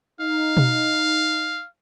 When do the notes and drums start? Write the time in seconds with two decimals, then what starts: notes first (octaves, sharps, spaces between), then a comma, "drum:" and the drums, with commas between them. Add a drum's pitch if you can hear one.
0.20 D#4 F5
0.57 drum: tom B2